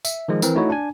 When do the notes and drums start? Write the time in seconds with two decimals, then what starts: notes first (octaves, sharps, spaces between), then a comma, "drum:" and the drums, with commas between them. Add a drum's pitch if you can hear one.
0.05 E5, drum: tambourine
0.28 D#3 F3 G#3
0.42 E3 C4 A#4, drum: tambourine
0.55 A3 D#4 E4 F#4 C#5
0.70 D4 G#5